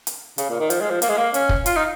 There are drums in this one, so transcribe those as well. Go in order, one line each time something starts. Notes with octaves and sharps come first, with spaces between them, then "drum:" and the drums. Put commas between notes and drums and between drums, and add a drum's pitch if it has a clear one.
drum: hi-hat
C#3, drum: hi-hat
A#2
D#3
F3, drum: hi-hat
G#3
F3
A#3, drum: hi-hat
G#3
A#3
C#4, drum: hi-hat
drum: kick
F4, drum: hi-hat
D#4